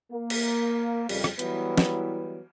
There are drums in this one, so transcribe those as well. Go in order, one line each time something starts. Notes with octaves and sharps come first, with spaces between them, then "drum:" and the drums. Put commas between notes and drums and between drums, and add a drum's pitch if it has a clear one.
A#3
drum: cymbal
F2 C#3 F3 G3, drum: cymbal
drum: rim click
E3 F#3 G3 B3 E4, drum: hi-hat
drum: snare